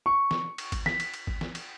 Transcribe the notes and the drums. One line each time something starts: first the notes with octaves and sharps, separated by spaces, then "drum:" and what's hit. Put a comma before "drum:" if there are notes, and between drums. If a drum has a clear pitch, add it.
C#6
drum: snare
drum: cymbal
drum: kick, cymbal
B6, drum: snare
drum: cymbal
drum: cymbal
drum: kick
drum: snare
drum: cymbal